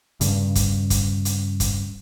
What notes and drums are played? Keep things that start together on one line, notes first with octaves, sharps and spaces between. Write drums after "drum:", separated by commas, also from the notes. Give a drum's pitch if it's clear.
G2 C#3, drum: hi-hat
drum: kick, hi-hat
drum: kick, hi-hat
drum: hi-hat
drum: kick, hi-hat